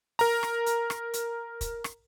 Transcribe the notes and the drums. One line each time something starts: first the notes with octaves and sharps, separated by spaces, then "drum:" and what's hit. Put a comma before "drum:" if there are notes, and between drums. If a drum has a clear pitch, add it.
A#4 A#5, drum: open hi-hat
drum: rim click
drum: hi-hat
drum: rim click
drum: hi-hat
drum: kick, hi-hat
drum: rim click